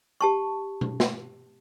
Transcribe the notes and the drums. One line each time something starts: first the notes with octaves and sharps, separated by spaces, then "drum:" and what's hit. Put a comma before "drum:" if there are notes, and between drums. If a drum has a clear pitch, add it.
G4 A5 C#6
drum: tom B2
drum: snare